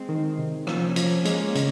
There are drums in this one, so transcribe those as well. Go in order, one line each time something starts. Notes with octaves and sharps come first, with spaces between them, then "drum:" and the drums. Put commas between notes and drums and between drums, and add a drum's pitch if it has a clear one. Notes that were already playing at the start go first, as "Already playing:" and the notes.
Already playing: G#3 C4
D#3
C3
F3 A#3 C#4, drum: rim click
F3, drum: hi-hat
G#3, drum: hi-hat
C#3, drum: hi-hat